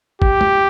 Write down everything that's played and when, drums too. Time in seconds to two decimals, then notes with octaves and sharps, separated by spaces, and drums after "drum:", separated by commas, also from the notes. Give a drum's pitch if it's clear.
0.22 G4, drum: kick A1
0.41 drum: tom